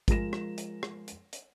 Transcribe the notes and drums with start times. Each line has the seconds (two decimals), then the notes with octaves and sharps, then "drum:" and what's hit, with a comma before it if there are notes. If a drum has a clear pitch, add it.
0.08 F3 G#3 A#4 A#6 E7, drum: kick, hi-hat
0.33 drum: rim click
0.58 drum: hi-hat
0.83 drum: rim click
1.08 drum: hi-hat
1.33 drum: hi-hat